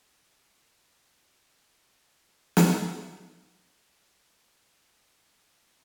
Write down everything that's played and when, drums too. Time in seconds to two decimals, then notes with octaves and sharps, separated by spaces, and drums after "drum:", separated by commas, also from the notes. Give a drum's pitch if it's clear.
0.58 F#3 G#3 G#4
2.13 A#3 C4 F#4 G#4 A4 B4
2.57 drum: snare
3.56 B4 F#5 D#6 F6 F#6